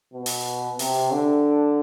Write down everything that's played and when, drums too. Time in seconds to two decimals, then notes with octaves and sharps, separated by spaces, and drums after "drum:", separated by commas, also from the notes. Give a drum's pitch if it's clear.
0.14 B2
0.26 drum: open hi-hat
0.79 C3, drum: open hi-hat
1.12 D3